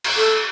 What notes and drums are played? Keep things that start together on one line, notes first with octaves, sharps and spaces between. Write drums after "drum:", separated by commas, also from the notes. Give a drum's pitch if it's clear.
drum: cymbal
A4